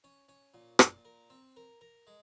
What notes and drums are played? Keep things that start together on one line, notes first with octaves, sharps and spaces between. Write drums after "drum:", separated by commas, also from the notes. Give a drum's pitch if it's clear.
C#4
C#4
A#2
A#2, drum: rim click
A#4
C4
A#4
A#4
G#3